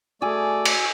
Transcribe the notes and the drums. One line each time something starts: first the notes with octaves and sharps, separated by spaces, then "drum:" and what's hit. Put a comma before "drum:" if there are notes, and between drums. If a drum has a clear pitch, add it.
A3 F#4 G#4 D5 G#5 E6
drum: cymbal